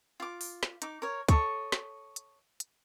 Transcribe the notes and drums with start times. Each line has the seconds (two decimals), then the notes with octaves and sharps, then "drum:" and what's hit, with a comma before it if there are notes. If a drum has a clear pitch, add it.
0.20 F4 D6
0.41 drum: open hi-hat
0.63 drum: snare
0.82 D#4 D6, drum: hi-hat
1.02 A#4 C#5
1.28 A4 C#5 D#5 C#6, drum: kick, hi-hat
1.72 drum: snare
2.16 drum: hi-hat
2.60 drum: hi-hat